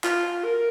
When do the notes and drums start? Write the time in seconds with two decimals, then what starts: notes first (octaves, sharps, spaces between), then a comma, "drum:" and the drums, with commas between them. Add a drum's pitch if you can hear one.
0.04 F4, drum: clap
0.44 A#4